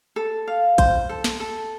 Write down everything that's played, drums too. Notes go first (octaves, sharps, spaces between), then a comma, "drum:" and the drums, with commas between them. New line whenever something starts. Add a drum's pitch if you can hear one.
A4
F5
C5, drum: kick A#1, hi-hat
A4
drum: snare
A4